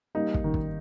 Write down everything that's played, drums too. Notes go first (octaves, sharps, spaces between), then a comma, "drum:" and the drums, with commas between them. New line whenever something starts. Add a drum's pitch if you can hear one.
G3 A#3 D#4
drum: kick
D#3
drum: kick